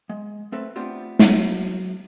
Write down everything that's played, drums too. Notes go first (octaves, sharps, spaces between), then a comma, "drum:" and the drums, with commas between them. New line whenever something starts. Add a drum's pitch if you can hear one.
G#3
A3 C4 A4 B4
A3 B3 C4 D4 F4 G4
F#3 F#4, drum: snare